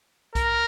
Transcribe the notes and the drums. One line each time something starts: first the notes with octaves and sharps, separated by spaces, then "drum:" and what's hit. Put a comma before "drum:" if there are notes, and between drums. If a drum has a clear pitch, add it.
A#4, drum: kick B1, hi-hat